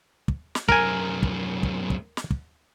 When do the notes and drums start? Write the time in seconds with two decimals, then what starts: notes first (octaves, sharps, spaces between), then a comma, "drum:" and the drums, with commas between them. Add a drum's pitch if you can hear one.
0.28 drum: kick
0.55 drum: snare
0.69 F#2 A3 A#4 G#5, drum: kick
1.23 drum: kick
1.63 drum: kick
1.90 drum: kick
2.17 drum: snare
2.31 drum: kick